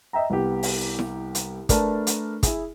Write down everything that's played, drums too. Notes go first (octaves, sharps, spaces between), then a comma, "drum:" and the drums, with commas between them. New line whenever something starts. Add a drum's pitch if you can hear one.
D#5 E5 G5 A#5
C2 B3 G4
drum: open hi-hat
drum: snare E4
drum: hi-hat
A3 D4 A#4 B4 A5, drum: kick, hi-hat
drum: hi-hat
E4 G#4, drum: kick, hi-hat